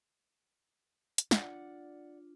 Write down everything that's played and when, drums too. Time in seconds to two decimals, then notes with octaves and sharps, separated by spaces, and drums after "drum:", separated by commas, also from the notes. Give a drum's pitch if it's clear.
1.18 drum: hi-hat
1.31 D4 F4 D5 F#5, drum: snare